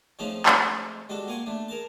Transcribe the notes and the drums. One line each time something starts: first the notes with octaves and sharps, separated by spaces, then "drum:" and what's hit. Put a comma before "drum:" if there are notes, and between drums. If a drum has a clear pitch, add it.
F3 G#3 A3 C4 C#4 D#4
drum: clap
G3 G#3 D4 F#4 A4
A#3 F#5 G#5 C6 C#6
A3 D4
G#4 A#4 A5